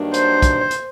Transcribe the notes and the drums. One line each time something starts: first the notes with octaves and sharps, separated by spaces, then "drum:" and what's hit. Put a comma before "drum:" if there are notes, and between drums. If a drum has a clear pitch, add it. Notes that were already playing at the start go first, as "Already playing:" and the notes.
Already playing: G2 D#3 F#3 A#3 D4
C5, drum: hi-hat
drum: kick, hi-hat
drum: hi-hat